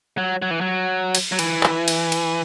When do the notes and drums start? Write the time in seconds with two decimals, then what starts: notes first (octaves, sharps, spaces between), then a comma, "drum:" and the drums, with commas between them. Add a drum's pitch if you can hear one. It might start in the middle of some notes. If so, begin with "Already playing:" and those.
0.18 F#3
0.42 F#3
0.51 E3
0.61 F#3
1.15 drum: cymbal
1.32 F#3
1.39 E3, drum: cymbal
1.63 drum: clap
1.88 drum: cymbal
2.12 drum: cymbal